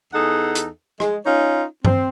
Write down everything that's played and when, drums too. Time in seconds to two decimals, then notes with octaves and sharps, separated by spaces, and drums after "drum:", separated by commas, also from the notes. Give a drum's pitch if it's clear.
0.14 E2 D#4 G#4 A4 F#5
0.55 drum: hi-hat
1.00 G#3, drum: rim click
1.26 C#4 D#4 F4 C#5
1.85 C4, drum: tom G2